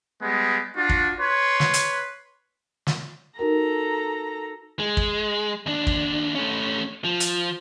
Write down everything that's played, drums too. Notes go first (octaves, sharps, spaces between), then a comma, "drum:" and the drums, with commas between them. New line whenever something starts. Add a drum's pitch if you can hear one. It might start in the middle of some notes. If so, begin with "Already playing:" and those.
G3 G#3 B3
D4 F4 F#4
drum: kick
B4 C#5 C6
drum: snare
drum: hi-hat
drum: snare
D#4 F#4 A4 A#4 A#5
G#3
drum: kick
D#2 D4
drum: kick
A3 C#4
F3
drum: hi-hat